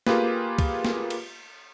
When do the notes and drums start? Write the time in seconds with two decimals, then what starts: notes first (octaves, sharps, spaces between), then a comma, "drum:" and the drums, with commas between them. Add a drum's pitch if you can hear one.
0.07 A#3 F4 G4 G#4 B4, drum: snare
0.58 drum: kick, cymbal
0.84 drum: snare
1.10 drum: cymbal